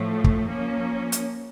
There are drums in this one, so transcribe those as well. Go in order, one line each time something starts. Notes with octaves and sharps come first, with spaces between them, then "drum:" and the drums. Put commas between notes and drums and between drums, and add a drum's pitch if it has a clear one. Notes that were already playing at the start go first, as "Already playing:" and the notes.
Already playing: A2 F3 A3
drum: kick
F3 A#3 C#4
drum: hi-hat